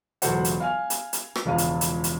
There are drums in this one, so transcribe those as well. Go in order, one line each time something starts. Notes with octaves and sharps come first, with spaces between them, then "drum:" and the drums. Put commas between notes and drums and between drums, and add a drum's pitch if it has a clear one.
E1 C#2 F#3 A4 C5 F#5, drum: hi-hat
drum: hi-hat
F5 G#5 F6
drum: hi-hat
drum: hi-hat
drum: rim click
E1 C#2 F3 F5 D#7
drum: hi-hat
drum: hi-hat
drum: hi-hat